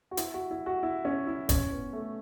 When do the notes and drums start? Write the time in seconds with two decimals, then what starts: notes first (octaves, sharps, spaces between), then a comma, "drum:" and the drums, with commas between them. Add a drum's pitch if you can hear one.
0.11 F#4
0.17 E4, drum: hi-hat
0.34 F#4
0.51 E4
0.66 F#4
0.83 E4
1.05 C#4
1.27 E4
1.49 C#4, drum: kick, hi-hat
1.70 B3
1.93 A3